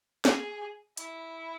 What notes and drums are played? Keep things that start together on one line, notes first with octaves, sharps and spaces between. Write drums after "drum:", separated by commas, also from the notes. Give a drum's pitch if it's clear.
G#4, drum: snare
E4, drum: hi-hat